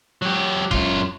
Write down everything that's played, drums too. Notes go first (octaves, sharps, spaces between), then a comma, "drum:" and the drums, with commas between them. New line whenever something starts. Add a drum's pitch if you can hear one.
F#3 G4
F#2 F4, drum: kick F1